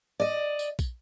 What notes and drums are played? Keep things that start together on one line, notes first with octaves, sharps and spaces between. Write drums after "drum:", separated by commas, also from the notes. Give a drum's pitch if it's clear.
D5 D#5
drum: tambourine
drum: kick, tambourine